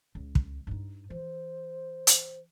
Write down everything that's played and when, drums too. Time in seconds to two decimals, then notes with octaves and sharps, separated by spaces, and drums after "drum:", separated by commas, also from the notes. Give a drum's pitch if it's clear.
0.15 C#2
0.35 drum: kick
0.67 G2 D#4
1.10 E3 C5
2.07 drum: hi-hat